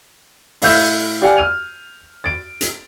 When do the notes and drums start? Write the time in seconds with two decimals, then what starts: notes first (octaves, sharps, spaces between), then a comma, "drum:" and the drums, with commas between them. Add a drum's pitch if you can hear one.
0.62 A2 E5 F5 E6 G6 G#6, drum: open hi-hat
1.21 G4 D5 F5 F#5 G#5
1.37 F6 D#7 F7
2.24 A6 D7
2.61 drum: hi-hat